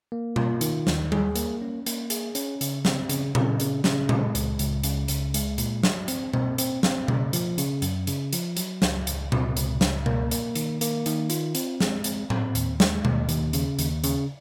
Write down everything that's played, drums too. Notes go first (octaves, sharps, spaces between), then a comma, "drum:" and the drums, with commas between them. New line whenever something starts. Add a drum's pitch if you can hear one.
A#3
F4, drum: tom B2
D#3, drum: hi-hat
D#2, drum: snare
G#4, drum: tom G3
A#3, drum: hi-hat
C#4
A#3, drum: hi-hat
G#4, drum: hi-hat
C#4, drum: hi-hat
C#3, drum: hi-hat
C4, drum: snare
C#3, drum: hi-hat
C#3, drum: tom A#2
C#3, drum: hi-hat
C#3, drum: snare
G#3, drum: tom A#2
C#2, drum: hi-hat
C#2, drum: hi-hat
C#3, drum: hi-hat
C#2, drum: hi-hat
G#3, drum: hi-hat
A#2, drum: hi-hat
F#3, drum: snare
C4, drum: hi-hat
C4, drum: tom B2
C4, drum: hi-hat
C4, drum: snare
C#3, drum: tom B2
F3, drum: hi-hat
C#3, drum: hi-hat
F#2, drum: hi-hat
C#3, drum: hi-hat
F3, drum: hi-hat
F#3, drum: hi-hat
C#2, drum: snare
C#2, drum: hi-hat
C3, drum: tom A#2
C#2, drum: hi-hat
C#2, drum: snare
A#3, drum: tom B2
A#3, drum: hi-hat
D#3, drum: hi-hat
A#3, drum: hi-hat
D#3, drum: hi-hat
F4, drum: hi-hat
C4, drum: hi-hat
G#3, drum: snare
C4, drum: hi-hat
C4, drum: tom A2
D#2, drum: hi-hat
G#3, drum: snare
D#2, drum: tom B2
D#2, drum: hi-hat
C#3, drum: hi-hat
D#2, drum: hi-hat
C#3, drum: hi-hat